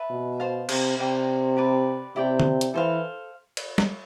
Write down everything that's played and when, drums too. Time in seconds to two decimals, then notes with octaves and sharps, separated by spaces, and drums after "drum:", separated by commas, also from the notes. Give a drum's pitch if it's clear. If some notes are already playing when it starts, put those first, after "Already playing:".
Already playing: B4 E5 A5
0.10 B2
0.40 C5 F5 A5
0.69 C3, drum: cymbal
0.98 C3 B4 D5 G5 D6
1.57 G4 B4 D5
2.16 C3 E4 G4 D5 G5
2.40 drum: tom D3
2.61 drum: hi-hat
2.74 E3 A4 C5 F5
3.57 drum: cymbal
3.78 drum: snare